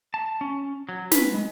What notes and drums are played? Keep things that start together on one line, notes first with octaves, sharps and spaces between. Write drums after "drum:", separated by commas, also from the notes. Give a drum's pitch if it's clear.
A5
C#4
F#3
B4, drum: snare
G#3